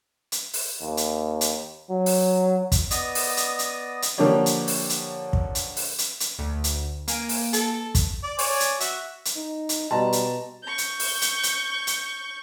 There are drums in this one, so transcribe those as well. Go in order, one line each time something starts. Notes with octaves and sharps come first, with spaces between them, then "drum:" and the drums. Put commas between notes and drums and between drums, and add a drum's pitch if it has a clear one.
drum: hi-hat
drum: open hi-hat
D#2
drum: hi-hat
drum: hi-hat
F#3
drum: open hi-hat
drum: kick, hi-hat
B3 D5 D#5 D#6, drum: hi-hat
drum: open hi-hat
drum: hi-hat
drum: hi-hat
drum: hi-hat
D3 F3 A#3 D4 G4 C#5
drum: hi-hat
drum: open hi-hat
drum: hi-hat
drum: kick
drum: hi-hat
drum: open hi-hat
drum: hi-hat
drum: hi-hat
D2
drum: hi-hat
A#3 G#5 D7, drum: hi-hat
drum: open hi-hat
A4, drum: hi-hat
drum: kick, hi-hat
D5
C#5 D5 G#5, drum: open hi-hat
drum: hi-hat
F#4 E5, drum: hi-hat
drum: hi-hat
D#4
drum: hi-hat
B2 G3 D#5 A5 A#5 C6
drum: hi-hat
C#6 G6
drum: hi-hat
drum: open hi-hat
drum: hi-hat
drum: hi-hat
drum: hi-hat